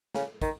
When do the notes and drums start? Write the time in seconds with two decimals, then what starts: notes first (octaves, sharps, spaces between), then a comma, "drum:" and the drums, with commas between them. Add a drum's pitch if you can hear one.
0.14 C#3, drum: snare
0.42 D#3, drum: kick, hi-hat